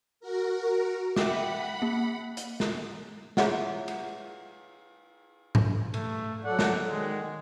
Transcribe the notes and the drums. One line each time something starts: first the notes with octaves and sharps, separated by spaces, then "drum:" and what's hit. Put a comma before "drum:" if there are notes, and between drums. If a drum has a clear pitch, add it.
F#4 A#4
E5 F#5 G5 B5 D6, drum: snare
A#3
drum: hi-hat
drum: snare
E4 F4 G#4 C#5 E5 F#5, drum: snare
drum: cymbal
drum: tom G#2
A3, drum: cymbal
F#3 A4 D5 F#5
drum: snare
D#3 G#3